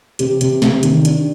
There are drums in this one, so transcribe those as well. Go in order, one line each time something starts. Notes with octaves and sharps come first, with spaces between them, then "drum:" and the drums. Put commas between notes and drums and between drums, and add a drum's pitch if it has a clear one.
C3 G4, drum: hi-hat
C3, drum: hi-hat
C3, drum: snare
D#3, drum: hi-hat
D4, drum: hi-hat